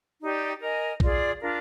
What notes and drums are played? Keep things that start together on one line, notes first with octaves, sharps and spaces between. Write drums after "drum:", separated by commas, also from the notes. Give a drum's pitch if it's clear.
D#4 G4 D5 G5
A#4 D#5 G#5
F4 G#4 D5, drum: kick
D4 F4 A#4